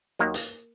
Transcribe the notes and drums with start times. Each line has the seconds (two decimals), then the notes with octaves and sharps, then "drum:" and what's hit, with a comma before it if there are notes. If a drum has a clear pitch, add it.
0.19 D#2 D#3 F#3 A#3
0.34 drum: hi-hat